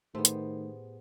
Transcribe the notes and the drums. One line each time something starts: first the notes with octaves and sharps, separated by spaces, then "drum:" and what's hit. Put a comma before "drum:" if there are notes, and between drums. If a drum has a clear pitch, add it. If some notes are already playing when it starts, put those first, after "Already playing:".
A2 D#3 A3 B3 G4 G#4 C5
drum: hi-hat